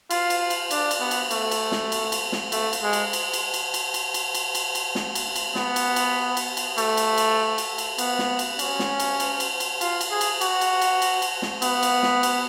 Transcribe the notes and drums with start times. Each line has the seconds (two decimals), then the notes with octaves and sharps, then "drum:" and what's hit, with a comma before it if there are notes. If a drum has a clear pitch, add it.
0.11 F4, drum: cymbal
0.30 drum: cymbal
0.50 drum: cymbal
0.71 D4, drum: cymbal
0.91 drum: cymbal
1.00 B3
1.11 drum: cymbal
1.31 A3, drum: cymbal
1.51 drum: cymbal
1.72 drum: snare
1.92 drum: cymbal
2.12 drum: cymbal
2.32 drum: snare
2.52 A3, drum: cymbal
2.73 drum: cymbal
2.83 G#3
2.93 drum: cymbal
3.13 drum: cymbal
3.33 drum: cymbal
3.54 drum: cymbal
3.74 drum: cymbal
3.94 drum: cymbal
4.14 drum: cymbal
4.35 drum: cymbal
4.55 drum: cymbal
4.75 drum: cymbal
4.95 drum: snare
5.15 drum: cymbal
5.36 drum: cymbal
5.55 B3, drum: snare
5.76 drum: cymbal
5.96 drum: cymbal
6.37 drum: cymbal
6.57 drum: cymbal
6.78 A3, drum: cymbal
6.97 drum: cymbal
7.18 drum: cymbal
7.58 drum: cymbal
7.78 drum: cymbal
7.98 B3, drum: cymbal
8.19 drum: snare
8.39 drum: cymbal
8.59 C#4, drum: cymbal
8.79 drum: snare
9.00 drum: cymbal
9.20 drum: cymbal
9.40 drum: cymbal
9.60 drum: cymbal
9.81 F4, drum: cymbal
10.01 drum: cymbal
10.11 G#4
10.21 drum: cymbal
10.41 F#4, drum: cymbal
10.61 drum: cymbal
10.82 drum: cymbal
11.02 drum: cymbal
11.22 drum: cymbal
11.42 drum: snare
11.62 B3, drum: cymbal
11.83 drum: cymbal
12.03 drum: snare
12.23 drum: cymbal